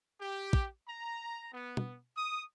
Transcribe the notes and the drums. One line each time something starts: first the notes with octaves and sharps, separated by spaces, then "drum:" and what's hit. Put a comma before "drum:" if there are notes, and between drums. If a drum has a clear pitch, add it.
G4
drum: kick
A#5
B3
drum: tom
D#6